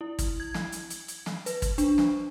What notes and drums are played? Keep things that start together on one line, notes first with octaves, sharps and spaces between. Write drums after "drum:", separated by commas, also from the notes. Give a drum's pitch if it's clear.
E4
drum: kick, hi-hat
G#6
drum: snare
drum: hi-hat
drum: hi-hat
drum: hi-hat
drum: snare
B4, drum: hi-hat
drum: kick, hi-hat
D4, drum: hi-hat
drum: snare